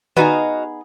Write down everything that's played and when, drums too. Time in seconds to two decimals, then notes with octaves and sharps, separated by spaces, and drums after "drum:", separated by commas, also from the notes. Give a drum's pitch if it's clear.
0.17 B3 D#4 F#4 G#4 D#5 F5, drum: tom D3